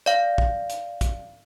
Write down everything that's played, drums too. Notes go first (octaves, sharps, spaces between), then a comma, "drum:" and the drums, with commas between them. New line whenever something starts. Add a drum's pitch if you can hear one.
D5 F5, drum: hi-hat
drum: kick
drum: hi-hat
drum: kick, hi-hat